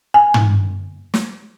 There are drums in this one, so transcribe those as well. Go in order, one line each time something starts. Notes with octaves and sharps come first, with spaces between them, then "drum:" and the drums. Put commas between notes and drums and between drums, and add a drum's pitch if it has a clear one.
G#5
drum: tom
drum: snare